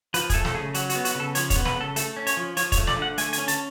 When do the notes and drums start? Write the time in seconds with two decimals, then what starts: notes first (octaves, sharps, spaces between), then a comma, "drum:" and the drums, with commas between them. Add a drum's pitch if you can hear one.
0.14 F3 B4, drum: hi-hat
0.30 G#4, drum: kick, hi-hat
0.34 A3 A4
0.45 A4, drum: snare
0.55 C#3 G#4
0.74 F#3 F#4, drum: hi-hat
0.90 F#4, drum: hi-hat
0.95 B3
1.05 F#4, drum: hi-hat
1.15 C#3 A4
1.35 F3 C#5, drum: hi-hat
1.50 C#5, drum: kick, hi-hat
1.55 B3
1.65 B4, drum: snare
1.76 C#3 A4
1.96 A3 A4, drum: hi-hat
2.17 C#4
2.27 C#5, drum: hi-hat
2.37 F3
2.57 F3 C#5, drum: hi-hat
2.72 C#5, drum: kick, hi-hat
2.77 A3
2.87 D5, drum: snare
2.97 D3 F#5
3.18 A3 G#5, drum: hi-hat
3.33 G#5, drum: hi-hat
3.38 C#4
3.48 A5, drum: hi-hat